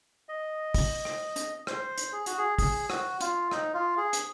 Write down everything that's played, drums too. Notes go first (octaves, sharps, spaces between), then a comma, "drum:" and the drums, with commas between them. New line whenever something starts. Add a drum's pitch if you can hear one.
D#5
drum: kick, open hi-hat
drum: rim click
drum: hi-hat
C5, drum: rim click
drum: hi-hat
G#4
F#4, drum: hi-hat
G#4
G#4, drum: kick, open hi-hat
F#4, drum: rim click
F4, drum: hi-hat
D#4, drum: rim click
F4
G#4
drum: hi-hat